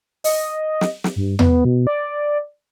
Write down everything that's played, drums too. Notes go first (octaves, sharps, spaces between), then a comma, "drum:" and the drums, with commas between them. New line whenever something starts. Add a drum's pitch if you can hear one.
D#5, drum: open hi-hat
drum: snare
drum: snare
G2
B3, drum: tom E2
B2
D5